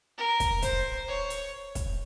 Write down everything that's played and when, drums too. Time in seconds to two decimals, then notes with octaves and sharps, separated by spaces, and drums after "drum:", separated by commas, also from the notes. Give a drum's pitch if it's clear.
0.18 A#4
0.40 drum: kick, hi-hat
0.62 C5, drum: kick, hi-hat
1.08 C#5
1.30 drum: hi-hat
1.75 drum: kick, hi-hat